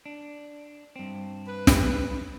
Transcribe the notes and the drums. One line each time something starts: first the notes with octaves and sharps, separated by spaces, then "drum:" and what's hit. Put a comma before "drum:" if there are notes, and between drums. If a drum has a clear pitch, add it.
D4
G2 C4
B4
drum: snare